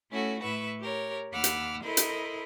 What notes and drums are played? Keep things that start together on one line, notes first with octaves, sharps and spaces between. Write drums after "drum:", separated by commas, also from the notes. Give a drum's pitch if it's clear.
A3 C#4 E4 F#4 A4
A2 E4 B4 E5 C#6
G4 A#4 C#5
D#2 F#5 B5 D6 E6 F6
drum: hi-hat
E4 A4 A#4 C5 D#5 B5
drum: hi-hat